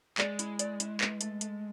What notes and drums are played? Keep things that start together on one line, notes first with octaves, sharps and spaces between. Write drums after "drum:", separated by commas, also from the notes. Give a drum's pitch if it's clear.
G#3 D5, drum: clap
E4, drum: hi-hat
D5, drum: hi-hat
E4, drum: hi-hat
B4, drum: clap
A3, drum: hi-hat
A3, drum: hi-hat